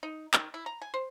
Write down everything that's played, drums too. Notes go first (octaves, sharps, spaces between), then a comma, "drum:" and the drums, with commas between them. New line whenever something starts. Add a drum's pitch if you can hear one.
D#4
D#3, drum: clap
E4
A#5
G#5
C5